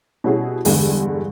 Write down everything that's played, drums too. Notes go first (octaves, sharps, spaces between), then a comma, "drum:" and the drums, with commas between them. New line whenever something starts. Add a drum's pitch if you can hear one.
B2 G3 C#4 E4 F#4 G#4
E2 G2 D3 G#3, drum: open hi-hat